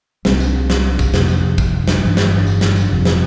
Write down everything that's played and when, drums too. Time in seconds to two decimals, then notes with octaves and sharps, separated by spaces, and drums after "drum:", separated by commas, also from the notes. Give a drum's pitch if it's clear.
0.25 C2 C3 G3 C4, drum: snare
0.40 drum: tambourine
0.70 drum: snare
0.99 drum: kick, tambourine
1.14 F2 C3 F3 A#3, drum: snare
1.29 drum: tambourine
1.58 drum: kick, tambourine
1.88 drum: snare
2.02 G1 G2 E3
2.17 drum: snare
2.46 drum: tambourine
2.61 drum: snare
2.76 drum: tambourine
2.91 F1 F2 C3 F3
3.05 drum: snare